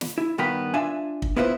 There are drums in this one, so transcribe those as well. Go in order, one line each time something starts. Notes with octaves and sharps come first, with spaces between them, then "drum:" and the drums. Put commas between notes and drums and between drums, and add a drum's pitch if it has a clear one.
drum: snare
E4
G2 D#3 B3 A#4 G5 B5
D4 F4 E5 G#5
drum: kick
B3 E4 F4 B4 C5